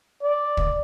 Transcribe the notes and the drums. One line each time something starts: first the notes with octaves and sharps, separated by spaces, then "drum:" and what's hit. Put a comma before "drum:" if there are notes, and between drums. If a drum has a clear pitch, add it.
D5
drum: kick